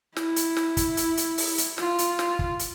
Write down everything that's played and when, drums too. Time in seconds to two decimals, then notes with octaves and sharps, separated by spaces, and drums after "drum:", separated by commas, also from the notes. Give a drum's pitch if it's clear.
0.16 E4, drum: snare
0.36 drum: hi-hat
0.57 drum: snare
0.77 drum: kick, hi-hat
0.97 drum: hi-hat
1.17 drum: hi-hat
1.38 drum: open hi-hat
1.58 drum: hi-hat
1.78 F4, drum: snare
1.99 drum: hi-hat
2.19 drum: snare
2.39 drum: kick
2.59 drum: hi-hat